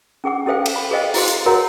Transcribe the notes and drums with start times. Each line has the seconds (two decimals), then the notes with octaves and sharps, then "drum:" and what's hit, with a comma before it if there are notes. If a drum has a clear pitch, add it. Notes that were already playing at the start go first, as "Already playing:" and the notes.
0.24 C#4 G#4 F#5 D6
0.46 C#4 G4 A4 C5 F5 G5
0.66 drum: cymbal
0.76 B5
0.91 G#4 A4 C5 D#5 F5 G5
1.14 E4 F#4 G#4 C5 F5 C6, drum: open hi-hat
1.28 drum: hi-hat
1.46 F#4 G#4 A#4 C#5 F#5 A#5